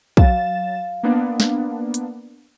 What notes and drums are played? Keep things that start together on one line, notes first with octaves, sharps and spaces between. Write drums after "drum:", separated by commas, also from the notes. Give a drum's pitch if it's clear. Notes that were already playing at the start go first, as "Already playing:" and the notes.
F#3 F5 A6 E7, drum: kick
A#3 B3 D4
drum: snare
drum: hi-hat